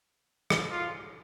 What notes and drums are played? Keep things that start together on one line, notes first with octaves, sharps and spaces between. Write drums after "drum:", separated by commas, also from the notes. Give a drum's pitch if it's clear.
drum: rim click
F4